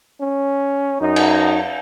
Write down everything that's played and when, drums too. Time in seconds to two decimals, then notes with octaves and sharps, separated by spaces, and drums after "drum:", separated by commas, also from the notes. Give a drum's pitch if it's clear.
0.21 C#4
1.01 F#2 D#4
1.16 drum: cymbal